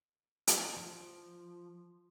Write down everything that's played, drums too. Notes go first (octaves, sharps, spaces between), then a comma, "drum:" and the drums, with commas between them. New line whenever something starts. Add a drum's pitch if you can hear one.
drum: hi-hat
F3